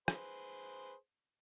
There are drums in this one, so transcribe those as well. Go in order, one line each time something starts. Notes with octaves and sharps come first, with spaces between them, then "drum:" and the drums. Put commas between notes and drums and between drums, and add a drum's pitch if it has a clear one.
G#4 B4 C5, drum: rim click